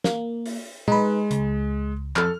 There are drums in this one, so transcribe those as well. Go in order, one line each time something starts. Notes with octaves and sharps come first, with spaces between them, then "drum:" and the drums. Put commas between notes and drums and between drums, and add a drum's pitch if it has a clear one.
A#3, drum: snare
drum: open hi-hat
G#3 D#4 B4, drum: tom A#2
C#2, drum: hi-hat
F2 A4 F6, drum: clap